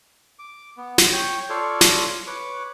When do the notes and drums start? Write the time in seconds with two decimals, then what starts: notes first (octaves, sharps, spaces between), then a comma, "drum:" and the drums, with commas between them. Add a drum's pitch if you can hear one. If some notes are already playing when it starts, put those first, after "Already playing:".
0.39 D6
0.77 B3
0.98 drum: snare
1.12 C#5 G5
1.50 F4 A4 C#5 D5 F5
1.81 drum: snare
2.27 B4 C#5 D6